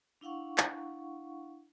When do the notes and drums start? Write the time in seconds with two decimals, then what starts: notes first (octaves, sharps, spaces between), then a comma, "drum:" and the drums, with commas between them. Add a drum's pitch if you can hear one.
0.21 D4 E4 F5 F#5 C#6
0.58 drum: clap